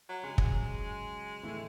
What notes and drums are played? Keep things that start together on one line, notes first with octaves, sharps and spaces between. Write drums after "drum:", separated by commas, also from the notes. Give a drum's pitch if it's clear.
F#3
C#3 F#3 G#3 C#4
drum: kick
A2 E3 A3 E4